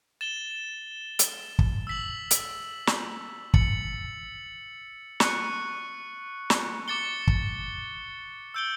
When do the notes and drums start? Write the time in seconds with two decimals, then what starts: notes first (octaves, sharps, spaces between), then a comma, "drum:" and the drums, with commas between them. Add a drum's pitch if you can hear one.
0.21 A6 E7 G7
1.19 drum: hi-hat
1.59 drum: kick
1.87 E6 B6 F#7
2.31 drum: hi-hat
2.87 drum: snare
3.54 A6 C#7 F#7, drum: kick
5.20 C#6 F#6 C#7, drum: snare
6.50 drum: snare
6.88 D6 A6 C#7 G7
7.27 drum: kick
8.54 E6 G6 D7 G7